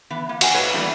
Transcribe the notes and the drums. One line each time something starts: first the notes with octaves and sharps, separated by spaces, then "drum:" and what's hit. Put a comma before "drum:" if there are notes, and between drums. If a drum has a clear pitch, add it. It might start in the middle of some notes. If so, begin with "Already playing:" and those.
E3 B3
A#3
F#4 F#5 G#5, drum: cymbal
G#2 A#3 B4 C#5
E3 F#3 G3 A3 B3 D4